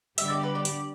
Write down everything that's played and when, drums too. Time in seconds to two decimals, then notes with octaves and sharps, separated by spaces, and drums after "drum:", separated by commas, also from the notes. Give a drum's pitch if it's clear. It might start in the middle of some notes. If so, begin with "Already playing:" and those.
0.18 D3 G3 B3 G4 E5, drum: hi-hat
0.30 D5
0.43 B4
0.55 D5
0.65 drum: hi-hat